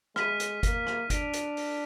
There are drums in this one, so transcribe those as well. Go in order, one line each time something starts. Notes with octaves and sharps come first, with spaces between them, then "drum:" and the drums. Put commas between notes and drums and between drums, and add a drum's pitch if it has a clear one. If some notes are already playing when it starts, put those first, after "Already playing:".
G#3 F6 B6 D#7, drum: rim click
drum: hi-hat
A#3, drum: kick G1, hi-hat
drum: rim click
D4 F6 B6 D7 F7, drum: kick G1, hi-hat
drum: hi-hat
drum: open hi-hat